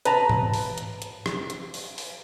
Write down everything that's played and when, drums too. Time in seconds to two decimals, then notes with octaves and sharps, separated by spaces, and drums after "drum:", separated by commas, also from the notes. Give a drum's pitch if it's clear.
0.05 B4 A5 A#5, drum: hi-hat
0.29 drum: tom G#2
0.54 drum: open hi-hat
0.78 drum: hi-hat
1.02 drum: hi-hat
1.26 drum: rim click
1.50 drum: hi-hat
1.74 drum: open hi-hat
1.98 drum: open hi-hat